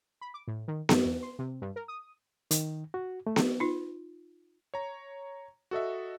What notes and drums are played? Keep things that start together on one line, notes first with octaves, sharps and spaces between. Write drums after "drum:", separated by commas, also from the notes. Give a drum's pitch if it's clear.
B5
D6
A2
D#3
G2, drum: snare B3
E2
C6
C3
G2
A#4
D#6
D#3, drum: hi-hat
F#4
A3
drum: snare B3
D#4 F4
C#5 A#5
F#4 A4 D#5 E5